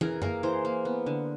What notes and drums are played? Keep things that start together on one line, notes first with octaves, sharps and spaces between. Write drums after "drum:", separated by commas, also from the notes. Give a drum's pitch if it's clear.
E3 G#4 A#4, drum: tom
A#3 G#4 A#4, drum: tom F#2
E3 A#4 C5
A#3
B3
D3